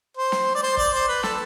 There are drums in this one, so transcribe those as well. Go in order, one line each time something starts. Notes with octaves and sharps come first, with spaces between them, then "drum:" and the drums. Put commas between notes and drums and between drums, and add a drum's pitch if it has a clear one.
C5
drum: snare
D5
C5
D5, drum: kick
C5
B4
A4, drum: snare